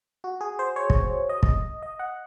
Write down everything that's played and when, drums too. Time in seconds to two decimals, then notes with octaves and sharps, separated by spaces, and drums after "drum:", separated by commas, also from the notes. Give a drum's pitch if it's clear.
0.24 F#4
0.41 G#4
0.59 C5
0.76 C#5
0.90 drum: kick
1.29 D#5
1.43 drum: kick
1.82 D#5
1.99 F#5